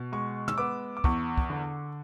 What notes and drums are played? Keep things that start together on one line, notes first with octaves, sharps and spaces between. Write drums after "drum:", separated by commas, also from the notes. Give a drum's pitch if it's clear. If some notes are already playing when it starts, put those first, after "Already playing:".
Already playing: B2
G#3 C#6
E6, drum: tom
B3 D6
D6
E2 C#6, drum: kick
drum: kick
D3